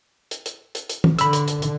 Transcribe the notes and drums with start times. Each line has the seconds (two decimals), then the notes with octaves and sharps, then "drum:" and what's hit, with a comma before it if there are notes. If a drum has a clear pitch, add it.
0.31 drum: hi-hat
0.46 drum: hi-hat
0.75 drum: hi-hat
0.89 drum: hi-hat
1.04 drum: tom
1.19 D3 B5 E6, drum: hi-hat
1.33 drum: hi-hat
1.48 drum: hi-hat
1.62 drum: hi-hat